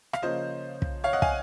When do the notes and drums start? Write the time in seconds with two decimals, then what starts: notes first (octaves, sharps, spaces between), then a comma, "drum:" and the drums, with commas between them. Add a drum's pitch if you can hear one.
0.13 F5, drum: rim click
0.22 C#3 F3 A#3 C#4 C5 D#5
0.82 drum: kick
1.04 C#5 F5
1.13 D#5 F#5
1.22 F5 G#5, drum: kick